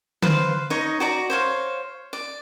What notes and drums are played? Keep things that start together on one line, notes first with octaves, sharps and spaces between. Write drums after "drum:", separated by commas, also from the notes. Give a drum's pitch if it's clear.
B4 C5 F5, drum: tom D3
D#4 C#5 D#5
F#4 D5 A#5
C5 C#5 F5
D5